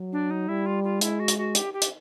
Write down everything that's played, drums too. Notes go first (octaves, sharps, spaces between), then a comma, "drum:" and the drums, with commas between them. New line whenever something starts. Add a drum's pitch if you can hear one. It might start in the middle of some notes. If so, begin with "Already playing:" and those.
Already playing: F#3
D4
D#4
G3 E4
F4
F4
G#3 E4, drum: hi-hat
F#4
drum: hi-hat
F#4
G4, drum: hi-hat
G4
drum: hi-hat